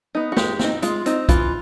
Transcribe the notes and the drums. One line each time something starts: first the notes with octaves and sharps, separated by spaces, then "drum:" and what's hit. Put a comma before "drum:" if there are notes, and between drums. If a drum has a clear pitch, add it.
B3 D#4
F#4
G#3 G4, drum: snare
C4 D#4, drum: snare
G#3 F4, drum: hi-hat
C4 D#4, drum: hi-hat
E3 F4, drum: kick, hi-hat